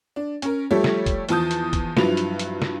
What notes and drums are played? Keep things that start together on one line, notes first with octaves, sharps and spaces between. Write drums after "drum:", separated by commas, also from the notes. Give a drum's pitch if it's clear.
D4
C#4 A#4, drum: hi-hat
F3 G3 A3 G4 A4 C#5
drum: snare
drum: kick E1, hi-hat
E2 F3 A5 D#6 G6, drum: hi-hat
drum: hi-hat
drum: kick E1, hi-hat
G2 F3 F#3 E4 B4 F7, drum: snare
drum: hi-hat
drum: hi-hat
drum: snare